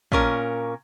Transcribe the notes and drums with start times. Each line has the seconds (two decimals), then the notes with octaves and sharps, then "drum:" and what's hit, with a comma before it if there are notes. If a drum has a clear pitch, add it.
0.12 A#2 C#4 A#4, drum: kick